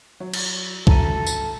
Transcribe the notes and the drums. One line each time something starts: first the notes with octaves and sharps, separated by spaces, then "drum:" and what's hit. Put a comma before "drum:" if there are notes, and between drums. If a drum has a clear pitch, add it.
F#3
drum: cymbal
D2 A4 A#5 D#7, drum: kick B1
drum: tambourine